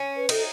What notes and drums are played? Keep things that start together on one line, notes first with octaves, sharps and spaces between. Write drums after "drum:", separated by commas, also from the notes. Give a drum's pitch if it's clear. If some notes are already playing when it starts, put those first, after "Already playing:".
Already playing: C#4
B4
D#4 A4, drum: cymbal